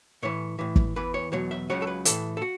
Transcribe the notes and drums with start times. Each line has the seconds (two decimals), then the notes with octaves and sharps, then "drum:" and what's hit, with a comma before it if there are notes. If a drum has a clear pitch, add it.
0.23 A2 E3 C#5
0.59 A2 E3
0.76 drum: kick
0.96 E2 E3 B4
1.14 C#5
1.32 E2 B2 F#3 C#5
1.51 E5
1.70 C#2 C#3 F#3 C#5
1.82 A4
1.87 B4
2.05 A2 E3 A4, drum: hi-hat
2.37 A4
2.42 F#4